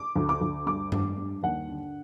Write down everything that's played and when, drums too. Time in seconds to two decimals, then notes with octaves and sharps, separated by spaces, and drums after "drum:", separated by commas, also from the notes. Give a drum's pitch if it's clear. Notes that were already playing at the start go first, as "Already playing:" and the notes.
Already playing: D6
0.16 D2
0.29 D6
0.41 D2
0.67 G2 D6
0.92 G2, drum: tom G2
1.18 G2
1.43 D#2 F#5
1.68 D3